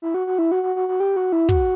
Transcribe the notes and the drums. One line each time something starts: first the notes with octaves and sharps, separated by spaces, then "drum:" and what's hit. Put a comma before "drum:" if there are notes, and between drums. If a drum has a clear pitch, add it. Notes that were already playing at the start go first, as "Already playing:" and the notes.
E4
F#4
F#4
E4
F#4
F#4
F#4
F#4
G4
F#4
E4
F#4, drum: kick